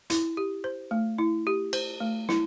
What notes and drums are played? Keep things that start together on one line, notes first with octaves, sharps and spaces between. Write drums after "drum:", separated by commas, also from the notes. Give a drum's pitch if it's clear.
E4, drum: hi-hat
G4
C5
A3
E4
G4
C5, drum: cymbal
A3
E4, drum: snare